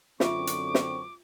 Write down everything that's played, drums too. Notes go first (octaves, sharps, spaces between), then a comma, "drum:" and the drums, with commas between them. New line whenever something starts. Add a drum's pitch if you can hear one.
F#2 D3 C4 F4 E5 C#6 D6, drum: snare
drum: hi-hat
drum: snare